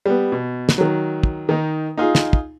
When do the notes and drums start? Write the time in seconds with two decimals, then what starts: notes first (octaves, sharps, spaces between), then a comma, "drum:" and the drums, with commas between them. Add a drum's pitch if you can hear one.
0.06 G3 B3
0.32 B2
0.69 drum: snare
0.78 D#3 F#3
1.23 drum: kick
1.49 D#3 D#4
1.98 D#4 F4 G#4
2.15 drum: snare
2.33 drum: kick